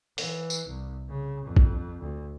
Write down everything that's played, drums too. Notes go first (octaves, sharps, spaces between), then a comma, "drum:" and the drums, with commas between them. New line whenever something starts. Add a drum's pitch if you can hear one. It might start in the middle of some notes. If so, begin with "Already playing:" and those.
E3, drum: open hi-hat
drum: tambourine
C2
C#3
F2
drum: kick
D2